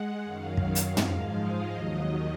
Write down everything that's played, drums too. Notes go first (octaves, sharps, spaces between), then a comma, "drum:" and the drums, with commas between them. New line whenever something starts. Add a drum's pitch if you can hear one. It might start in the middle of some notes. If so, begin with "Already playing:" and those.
Already playing: G#3 F#5
F#2 D#3 F#3 F5
drum: kick
drum: hi-hat
G#2 F3 G#3, drum: tom
D#5
D#2 D#3 F#3